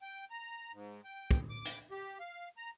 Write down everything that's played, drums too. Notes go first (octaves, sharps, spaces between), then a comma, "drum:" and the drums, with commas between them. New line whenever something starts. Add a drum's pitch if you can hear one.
G5
A#5
G#2
G5
drum: kick
D6
drum: hi-hat
G4
F5
A#5